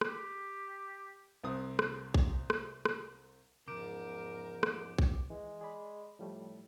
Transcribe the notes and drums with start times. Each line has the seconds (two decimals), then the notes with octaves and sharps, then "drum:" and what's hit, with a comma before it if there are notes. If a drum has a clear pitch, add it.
0.01 G4, drum: rim click
1.44 C2 C4 D#6
1.79 drum: rim click
2.14 drum: kick A#1
2.50 drum: rim click
2.85 drum: rim click
3.68 E2 G#2 C#3 F3 A#4 D6 G6 D7
4.63 drum: rim click
4.98 drum: kick A#1
5.30 E3 G#3
5.61 G#4 D5 B5
6.19 A2 F3 G3 A3